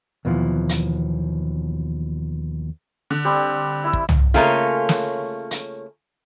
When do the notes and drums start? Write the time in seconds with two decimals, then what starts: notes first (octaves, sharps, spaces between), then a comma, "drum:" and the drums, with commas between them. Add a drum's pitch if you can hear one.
0.25 D#2 B2 E3 F3
0.69 drum: hi-hat
3.10 D3
3.25 G3 C4
3.84 E4 E5
3.93 drum: kick
4.09 drum: tom C2
4.34 C#3 A3 A#3 C#4 F4
4.89 drum: snare
5.51 drum: hi-hat